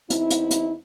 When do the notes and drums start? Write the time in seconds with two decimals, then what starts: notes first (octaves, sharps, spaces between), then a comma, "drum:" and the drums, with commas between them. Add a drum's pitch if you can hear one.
0.10 E2 C4 D#4 E4, drum: hi-hat
0.30 drum: hi-hat
0.51 drum: hi-hat